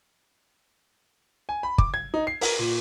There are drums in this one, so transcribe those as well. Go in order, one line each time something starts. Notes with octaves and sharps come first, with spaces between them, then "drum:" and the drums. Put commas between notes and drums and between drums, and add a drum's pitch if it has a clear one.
G#5
B5
D6, drum: kick
G#6
D#4
C7
A#4, drum: open hi-hat
A#2